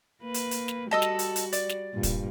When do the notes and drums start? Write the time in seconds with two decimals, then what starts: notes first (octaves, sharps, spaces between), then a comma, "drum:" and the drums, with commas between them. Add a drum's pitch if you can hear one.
0.23 A#3 B4
0.34 drum: hi-hat
0.51 drum: hi-hat
0.68 drum: snare
0.91 G3 F#4 A4 D#5 E6
1.02 drum: snare
1.19 drum: hi-hat
1.36 drum: hi-hat
1.53 D5, drum: hi-hat
1.69 drum: snare
1.94 G2 A#2
2.03 drum: kick, hi-hat